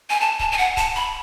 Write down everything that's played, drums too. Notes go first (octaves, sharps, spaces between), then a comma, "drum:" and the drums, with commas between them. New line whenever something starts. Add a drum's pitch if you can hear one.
G#5
A5
A5, drum: kick C#1
G#5
F#5
A5, drum: kick C#1, hi-hat
B5